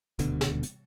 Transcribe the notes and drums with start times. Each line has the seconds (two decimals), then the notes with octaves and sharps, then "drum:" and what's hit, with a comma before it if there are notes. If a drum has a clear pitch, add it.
0.19 D#1 D2 B2 D3, drum: hi-hat
0.41 drum: snare
0.63 drum: hi-hat